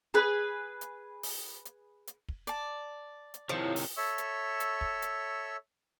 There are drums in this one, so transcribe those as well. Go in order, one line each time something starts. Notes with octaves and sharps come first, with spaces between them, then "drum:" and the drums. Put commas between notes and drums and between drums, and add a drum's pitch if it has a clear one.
G#4 B4
drum: hi-hat
drum: open hi-hat
drum: hi-hat
drum: hi-hat
drum: kick
D5 A5, drum: hi-hat
drum: hi-hat
C3 D#3 F3 E4 C#5
drum: open hi-hat
A4 C#5 E5 C#6 E6
drum: hi-hat
drum: hi-hat
drum: kick
drum: hi-hat